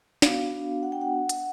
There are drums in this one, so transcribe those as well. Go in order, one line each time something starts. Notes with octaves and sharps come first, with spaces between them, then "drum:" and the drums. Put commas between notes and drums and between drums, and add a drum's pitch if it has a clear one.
B3 D4 F#4 F5, drum: snare
F#5
G5
F#5
drum: hi-hat